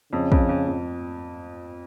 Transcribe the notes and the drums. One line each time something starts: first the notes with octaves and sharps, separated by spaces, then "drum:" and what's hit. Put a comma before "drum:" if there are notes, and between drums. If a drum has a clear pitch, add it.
F2 C#3
F2, drum: kick
F2
F2